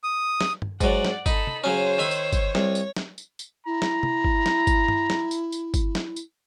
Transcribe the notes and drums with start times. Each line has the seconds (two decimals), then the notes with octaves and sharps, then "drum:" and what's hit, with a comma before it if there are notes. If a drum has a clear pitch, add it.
0.04 D#6
0.41 drum: snare
0.62 drum: tom G2
0.81 G#2 F#3 D5 F#5, drum: kick G1, tambourine
1.05 drum: snare
1.26 D#4 A4 B5, drum: kick G1, tambourine
1.47 drum: tom
1.64 C#3 F#3 C#4 C5 C#5
1.98 D#3 E5 B5
2.11 drum: tambourine
2.32 drum: kick G1, tambourine
2.55 C2 C#5, drum: snare
2.75 drum: tambourine
2.96 drum: snare
3.18 drum: tambourine
3.39 drum: tambourine
3.66 E4 A#5
3.82 drum: snare
4.03 drum: tom
4.24 drum: kick G1
4.46 drum: snare
4.67 drum: kick G1, tambourine
4.88 drum: tom G2
5.10 drum: snare
5.31 drum: tambourine
5.52 drum: tambourine
5.74 drum: kick G1, tambourine
5.95 drum: snare
6.16 drum: tambourine